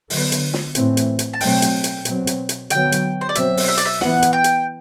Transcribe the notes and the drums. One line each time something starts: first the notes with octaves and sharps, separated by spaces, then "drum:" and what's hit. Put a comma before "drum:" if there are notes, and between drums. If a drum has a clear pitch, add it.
D3 F#3 B3, drum: open hi-hat
drum: hi-hat
drum: snare
A2 E3 A3 C4, drum: hi-hat
drum: hi-hat
drum: hi-hat
A5
B2 F#3 A3 C4 G5, drum: open hi-hat
drum: hi-hat
drum: hi-hat
B2 F#3 C4, drum: hi-hat
drum: hi-hat
drum: hi-hat
D3 F#3 B3 G5, drum: hi-hat
drum: hi-hat
C5
D5
B2 F#3 C4 E5, drum: hi-hat
drum: open hi-hat
E5
D5, drum: hi-hat
E5
E3 B3 F#5, drum: snare
drum: hi-hat
G5
drum: hi-hat